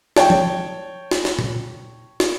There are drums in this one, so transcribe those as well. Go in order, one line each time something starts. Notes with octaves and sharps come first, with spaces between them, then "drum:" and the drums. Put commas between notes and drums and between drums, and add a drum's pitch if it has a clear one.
C#5 G5 A5, drum: snare
drum: tom F3
drum: snare
drum: snare
drum: tom A#2
drum: snare